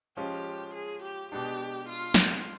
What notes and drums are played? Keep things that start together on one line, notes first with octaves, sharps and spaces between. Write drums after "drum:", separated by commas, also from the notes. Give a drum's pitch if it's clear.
F3 G#3 C#4 F4 G4
G#4
G4
B2 G#3 B3 D4 G4
F4
drum: snare